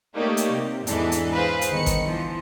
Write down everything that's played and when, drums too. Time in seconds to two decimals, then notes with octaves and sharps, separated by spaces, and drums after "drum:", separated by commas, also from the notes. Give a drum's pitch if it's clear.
0.16 A3 A#3 D#4 G4 C#5 D5
0.37 drum: hi-hat
0.54 C3
0.87 E2 G#2 E3 D4 G#4 A4, drum: hi-hat
1.12 drum: hi-hat
1.33 G#4 B4 C5 F5
1.61 drum: hi-hat
1.72 G1 D#3 C#7
1.86 drum: kick G#1, hi-hat
2.03 E3 F3